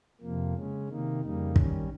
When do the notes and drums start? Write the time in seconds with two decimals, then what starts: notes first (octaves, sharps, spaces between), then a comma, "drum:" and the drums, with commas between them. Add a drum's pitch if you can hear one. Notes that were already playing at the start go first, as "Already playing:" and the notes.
0.21 F2 C3 F3 A#3
0.55 C#3 G#3 C#4
0.88 C3 D#3 A#3 D#4
1.21 F2 C#3 G3 A#3 D#4
1.56 D#3 G3 C#4, drum: kick